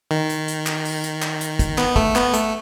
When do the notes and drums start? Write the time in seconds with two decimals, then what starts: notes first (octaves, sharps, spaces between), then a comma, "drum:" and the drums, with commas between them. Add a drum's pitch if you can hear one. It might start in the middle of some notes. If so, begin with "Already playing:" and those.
0.11 D#3
0.29 drum: hi-hat
0.48 drum: hi-hat
0.67 drum: clap
0.85 drum: open hi-hat
1.04 drum: hi-hat
1.22 drum: clap
1.41 drum: hi-hat
1.59 drum: kick, hi-hat
1.78 B3, drum: clap
1.96 A3, drum: kick
2.16 B3, drum: clap
2.34 A3, drum: hi-hat